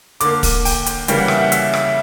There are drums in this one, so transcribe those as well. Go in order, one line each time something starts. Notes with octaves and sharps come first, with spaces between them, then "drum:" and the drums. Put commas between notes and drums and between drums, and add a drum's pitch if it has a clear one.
D3 A#3 D6, drum: hi-hat
drum: kick, open hi-hat
G5, drum: open hi-hat
drum: hi-hat
C#3 E3 G3 A#3 G5, drum: hi-hat
F#5
E5, drum: rim click
F#5
E5, drum: hi-hat
drum: rim click
E5